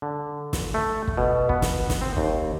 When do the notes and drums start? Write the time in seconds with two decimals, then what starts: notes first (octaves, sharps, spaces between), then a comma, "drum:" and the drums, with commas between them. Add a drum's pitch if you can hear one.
0.02 D3
0.53 drum: snare
0.74 A3
1.07 drum: kick
1.17 B2
1.49 B3, drum: kick
1.62 drum: snare
1.90 drum: snare
2.01 C4
2.17 D#2, drum: kick